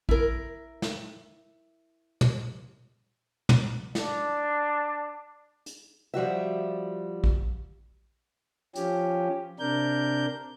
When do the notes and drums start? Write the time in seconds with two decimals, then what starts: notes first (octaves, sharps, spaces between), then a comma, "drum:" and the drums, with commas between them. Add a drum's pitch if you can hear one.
0.09 E4 A#4, drum: kick A#1
0.82 drum: snare
2.21 drum: tom
3.49 drum: tom
3.95 D4, drum: snare
5.66 drum: hi-hat
6.14 F3 G3 F#4 E5
7.24 drum: kick A#1
8.75 F3 C#4 G4, drum: hi-hat
9.59 C3 D4 A#4 G6